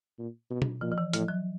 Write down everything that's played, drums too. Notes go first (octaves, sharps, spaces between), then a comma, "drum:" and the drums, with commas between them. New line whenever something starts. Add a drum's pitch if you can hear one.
A#2
B2
drum: tom B2
A#2 F3
F3
E3
A2 F3, drum: hi-hat
F#3